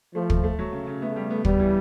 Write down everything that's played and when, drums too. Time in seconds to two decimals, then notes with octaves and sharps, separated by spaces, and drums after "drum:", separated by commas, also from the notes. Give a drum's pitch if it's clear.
0.15 F3 A3
0.30 A3, drum: kick
0.44 A3
0.59 F#3
0.73 C#3
0.87 C#3
1.01 A3 B3
1.16 G3
1.31 B3
1.45 G3 B3, drum: kick
1.60 E3